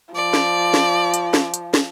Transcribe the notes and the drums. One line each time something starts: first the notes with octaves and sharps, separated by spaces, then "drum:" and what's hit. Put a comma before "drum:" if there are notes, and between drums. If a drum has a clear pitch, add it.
F3 D5
drum: snare
drum: snare
drum: hi-hat
drum: snare
drum: hi-hat
drum: snare